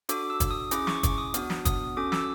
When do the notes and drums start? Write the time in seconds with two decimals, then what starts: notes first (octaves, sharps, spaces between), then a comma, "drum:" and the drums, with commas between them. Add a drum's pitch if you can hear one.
0.09 D4 F#4 A4 D6, drum: hi-hat
0.30 E6
0.40 drum: kick, hi-hat
0.51 D#6
0.71 C#4 E4 G#4 D6, drum: hi-hat
0.87 C#6, drum: snare
1.03 D6, drum: kick, hi-hat
1.18 D#6
1.34 B3 D4 F#4, drum: hi-hat
1.50 drum: snare
1.65 D#6, drum: kick, hi-hat
1.97 C#4 F#4 A4 D6
2.12 E6, drum: snare